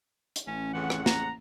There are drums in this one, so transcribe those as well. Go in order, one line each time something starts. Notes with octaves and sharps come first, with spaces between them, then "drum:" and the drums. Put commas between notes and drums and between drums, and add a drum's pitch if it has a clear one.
drum: hi-hat
A1 C#4
F2 C#3 E3 F#5
drum: rim click
A#5, drum: snare